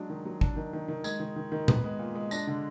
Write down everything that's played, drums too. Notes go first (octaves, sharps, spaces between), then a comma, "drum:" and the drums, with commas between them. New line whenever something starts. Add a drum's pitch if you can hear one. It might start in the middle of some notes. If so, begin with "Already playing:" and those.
Already playing: F#3 G#3 D4
D#3
F#3
D4, drum: kick
D#3
D#3
D#3
G#3 G#6, drum: tambourine
D#3
D#3
D#3
B3, drum: tom A#2
G#3
A#2
G#3
D4 A#6, drum: tambourine
D3